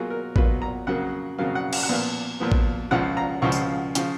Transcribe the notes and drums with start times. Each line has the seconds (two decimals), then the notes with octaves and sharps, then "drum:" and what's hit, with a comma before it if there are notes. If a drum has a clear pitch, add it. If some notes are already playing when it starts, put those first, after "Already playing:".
Already playing: B2 F#3 A#3 F4 G#4
0.10 A#4
0.36 B2 F#3 A#3 F4 B4, drum: kick
0.62 A#5
0.87 F2 C#3 F#3 A#3 F#5
1.38 F2 C#3 F#3 A#3 F5
1.55 F#5
1.73 F5, drum: cymbal
1.83 F#5
1.89 A#2 F3 B3 F5
2.40 A#2 F3 B3
2.52 drum: kick
2.91 C#2 C#3 F3 F#5
3.17 A#5
3.42 C#2 C#3 F3 C#6
3.52 drum: tambourine
3.95 C#3 F3, drum: hi-hat